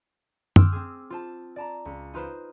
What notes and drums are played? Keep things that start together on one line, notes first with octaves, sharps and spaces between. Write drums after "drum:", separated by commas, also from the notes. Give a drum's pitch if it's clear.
G5 C6 D6 E6 F6 G6, drum: tom F#2
C4 G#4
F4 C5 A5
D5 A5 A#5
C#2
D#4 F4 B4 C5